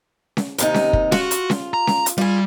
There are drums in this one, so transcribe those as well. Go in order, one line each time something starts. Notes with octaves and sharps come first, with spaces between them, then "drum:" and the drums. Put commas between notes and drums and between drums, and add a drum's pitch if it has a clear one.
drum: snare C#4
D#2 C3 D#4, drum: hi-hat
drum: snare C#4
drum: kick
F4 F#4, drum: snare C#4
drum: hi-hat
drum: snare C#4
A#5
drum: snare C#4
drum: hi-hat
G3 F4 G#4